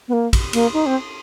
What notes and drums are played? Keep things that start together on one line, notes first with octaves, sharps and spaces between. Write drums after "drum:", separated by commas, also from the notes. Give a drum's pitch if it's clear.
B3
A#3
drum: kick, cymbal
A#3, drum: cymbal
D#4
C4